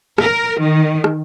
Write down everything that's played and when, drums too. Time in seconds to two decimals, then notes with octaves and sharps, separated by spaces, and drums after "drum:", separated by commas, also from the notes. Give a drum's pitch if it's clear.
0.18 A#4, drum: rim click
0.59 D#3
1.04 drum: rim click